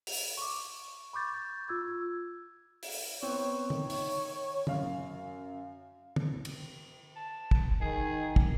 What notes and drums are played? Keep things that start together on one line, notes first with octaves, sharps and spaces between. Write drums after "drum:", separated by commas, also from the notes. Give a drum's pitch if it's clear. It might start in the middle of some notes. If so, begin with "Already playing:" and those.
F7, drum: open hi-hat
C#6 D6
B5 C#6 D6 G6 A6
F4 E6 G#6
drum: open hi-hat
B3 C4 C#5
D#3, drum: tom
drum: open hi-hat
F#2 F5, drum: tom
drum: tom
drum: cymbal
A5
drum: kick
D#3 G#4
drum: kick